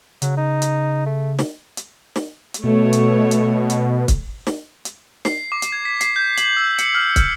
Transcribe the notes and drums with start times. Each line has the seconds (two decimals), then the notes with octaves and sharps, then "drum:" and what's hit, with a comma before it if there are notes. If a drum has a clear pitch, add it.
0.22 C#3 F#3, drum: hi-hat
0.37 D#4
0.62 drum: hi-hat
1.06 A3
1.39 drum: snare
1.77 drum: hi-hat
2.16 drum: snare
2.54 drum: hi-hat
2.64 B2 A3 C#5
2.93 drum: hi-hat
3.31 drum: hi-hat
3.70 drum: hi-hat
4.08 drum: kick, hi-hat
4.47 drum: snare
4.85 drum: hi-hat
5.25 C7, drum: snare
5.52 D6
5.62 drum: hi-hat
5.72 G#6
5.85 B6
6.01 C7, drum: hi-hat
6.16 G6
6.37 F#7, drum: hi-hat
6.57 E6
6.78 C#7, drum: hi-hat
6.95 F6
7.16 F6, drum: kick, hi-hat